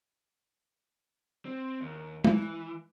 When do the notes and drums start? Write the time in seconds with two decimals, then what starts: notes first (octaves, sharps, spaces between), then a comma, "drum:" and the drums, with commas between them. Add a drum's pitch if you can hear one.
1.45 C4
1.81 D#2
2.24 E3, drum: tom G#3